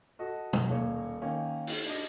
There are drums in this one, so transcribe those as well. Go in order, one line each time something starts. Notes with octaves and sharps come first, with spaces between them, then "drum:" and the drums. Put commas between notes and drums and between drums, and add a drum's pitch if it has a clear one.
F#4 A4 D#5
drum: tom
D#1 A#3 C#5
D#3 A#3 C#4
drum: open hi-hat
D4 D#5